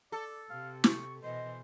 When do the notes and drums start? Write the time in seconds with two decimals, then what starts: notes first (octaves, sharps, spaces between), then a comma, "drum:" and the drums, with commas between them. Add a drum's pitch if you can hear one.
0.12 A4 D5
0.50 C3 F5
0.84 C#6, drum: snare
1.23 B2 E3 C5 D#5